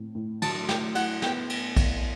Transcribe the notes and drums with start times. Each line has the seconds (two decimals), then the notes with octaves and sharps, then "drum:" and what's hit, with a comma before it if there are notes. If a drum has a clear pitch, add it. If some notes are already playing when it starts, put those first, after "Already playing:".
Already playing: A2 C4
0.15 A2
0.42 F#3 A5, drum: cymbal
0.69 E4 G5, drum: snare
0.95 E4 F#5, drum: cymbal
1.22 B3 G5, drum: snare
1.50 drum: cymbal
1.76 drum: kick A#1, cymbal